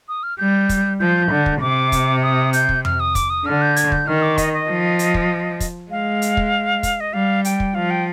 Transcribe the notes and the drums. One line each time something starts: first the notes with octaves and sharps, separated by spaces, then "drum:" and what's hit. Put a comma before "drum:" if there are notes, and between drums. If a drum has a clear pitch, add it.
D#6
F6
G3 G6
drum: kick, hi-hat
F3 G6
D3
drum: kick
C3 D6
drum: kick, hi-hat
D#6
G6, drum: hi-hat
drum: kick
F6, drum: tom F2
D#6
D6, drum: kick, hi-hat
D#6
D3 F6
G6
G#6, drum: hi-hat
G6, drum: kick
D#3 F6
D6
D#5, drum: kick, hi-hat
D#5
F3
drum: hi-hat
drum: kick
drum: kick, hi-hat
G#3 F5
drum: hi-hat
drum: kick
drum: kick, hi-hat
D#5
G3 F5
G5, drum: hi-hat
drum: kick
F3 F5
G5